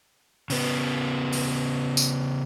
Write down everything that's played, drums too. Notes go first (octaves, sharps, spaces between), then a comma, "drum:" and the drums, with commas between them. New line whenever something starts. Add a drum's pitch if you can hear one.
C#3 B3, drum: open hi-hat
drum: open hi-hat
drum: tambourine